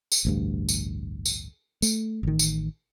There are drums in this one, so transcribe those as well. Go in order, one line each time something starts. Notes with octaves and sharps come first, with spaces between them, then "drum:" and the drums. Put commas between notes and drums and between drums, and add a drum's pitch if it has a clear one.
drum: tambourine
A1 D2 G2
drum: tambourine
drum: tambourine
A3, drum: tambourine
A1 D#3
drum: tambourine